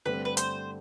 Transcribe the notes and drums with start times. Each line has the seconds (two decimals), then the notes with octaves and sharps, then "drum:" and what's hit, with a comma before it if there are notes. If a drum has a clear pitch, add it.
0.05 G2 D3 A3 C4 G4 B4
0.25 B4
0.37 C5, drum: hi-hat